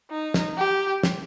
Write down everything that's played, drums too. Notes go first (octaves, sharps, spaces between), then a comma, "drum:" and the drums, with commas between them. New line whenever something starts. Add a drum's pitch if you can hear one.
D#4
drum: snare
G4
drum: snare